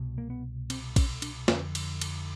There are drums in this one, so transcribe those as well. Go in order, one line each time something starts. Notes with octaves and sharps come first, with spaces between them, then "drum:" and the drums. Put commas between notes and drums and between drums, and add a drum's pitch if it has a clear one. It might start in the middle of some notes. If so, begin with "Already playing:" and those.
Already playing: C2 B2
A#3
B3
C4, drum: cymbal
C#4, drum: kick, cymbal
D4, drum: cymbal
F2 D3 C#4, drum: snare
drum: cymbal
drum: cymbal